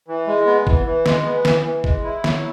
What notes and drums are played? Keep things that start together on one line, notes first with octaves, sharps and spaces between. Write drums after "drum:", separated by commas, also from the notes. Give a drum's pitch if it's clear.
E3
G#3
B3
E3, drum: kick G#1
E3
G#3, drum: snare
B3
E3, drum: snare
E3
G#3, drum: kick G#1
E4
F#3, drum: snare